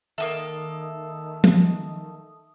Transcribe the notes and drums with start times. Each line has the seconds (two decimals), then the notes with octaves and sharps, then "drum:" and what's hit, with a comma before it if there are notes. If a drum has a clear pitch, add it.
0.18 D#3 A#3 B3 A4 E5 D#6
1.44 drum: tom F3